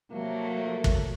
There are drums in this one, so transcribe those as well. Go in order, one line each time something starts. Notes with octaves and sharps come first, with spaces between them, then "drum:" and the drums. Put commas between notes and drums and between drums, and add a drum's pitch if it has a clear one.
C3 F#3 A3 A#3
drum: kick